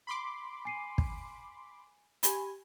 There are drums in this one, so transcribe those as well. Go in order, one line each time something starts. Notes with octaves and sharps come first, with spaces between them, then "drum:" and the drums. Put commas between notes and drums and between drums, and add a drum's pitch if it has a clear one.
B5 C6 D6
G#5 C7 D#7
drum: kick
G4 G#5 B5, drum: hi-hat